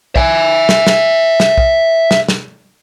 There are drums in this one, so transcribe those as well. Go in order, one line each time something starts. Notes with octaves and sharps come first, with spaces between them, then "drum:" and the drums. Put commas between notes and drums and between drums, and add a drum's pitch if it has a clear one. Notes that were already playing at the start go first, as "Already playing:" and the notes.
E5 G#5, drum: kick
drum: snare
drum: snare
drum: snare
drum: kick
drum: snare
drum: snare